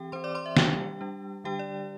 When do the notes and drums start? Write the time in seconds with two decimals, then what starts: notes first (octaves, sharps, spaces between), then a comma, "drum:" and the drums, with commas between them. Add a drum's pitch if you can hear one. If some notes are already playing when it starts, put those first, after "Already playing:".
Already playing: E3 C4 G4 G5
0.12 E3 C4 C5 C6
0.24 D5 D6
0.35 C5 C6
0.46 E5
0.57 G3 D4 G4 G5, drum: snare
1.01 G3 D4
1.44 D3 G3 D4 G4 G5
1.59 D5